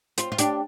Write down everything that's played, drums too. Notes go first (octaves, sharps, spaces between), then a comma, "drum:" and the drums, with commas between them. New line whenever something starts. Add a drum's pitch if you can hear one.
C4 F4, drum: hi-hat
F4
D4 G4, drum: hi-hat